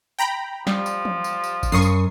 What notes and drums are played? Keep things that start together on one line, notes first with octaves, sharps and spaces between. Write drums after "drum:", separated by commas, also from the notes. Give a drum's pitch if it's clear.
G5 A#5 B5
F3 G3, drum: snare
drum: tambourine
drum: tom
drum: tambourine
drum: tambourine
drum: kick G#1, tambourine
F#2 C#6 D#6 C7
drum: tambourine